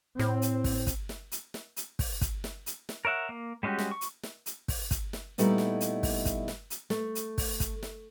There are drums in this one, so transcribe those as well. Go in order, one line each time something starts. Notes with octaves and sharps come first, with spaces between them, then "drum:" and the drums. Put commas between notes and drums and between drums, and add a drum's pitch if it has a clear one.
A2 C4, drum: snare
drum: hi-hat
drum: kick, open hi-hat
drum: kick, hi-hat
drum: snare
drum: hi-hat
drum: snare
drum: hi-hat
drum: kick, open hi-hat
drum: kick, hi-hat
drum: snare
drum: hi-hat
drum: snare
A#4 C#5 E5 F#5
A#3
G3 G#3 C#4 F#4 G4
drum: snare
C#6
drum: hi-hat
drum: snare
drum: hi-hat
drum: kick, open hi-hat
drum: kick, hi-hat
drum: snare
A#2 G3 A3 B3 D#4 E4, drum: hi-hat
drum: snare
drum: hi-hat
drum: kick, open hi-hat
drum: kick, hi-hat
drum: snare
drum: hi-hat
A3, drum: snare
drum: hi-hat
drum: kick, open hi-hat
drum: kick, hi-hat
drum: snare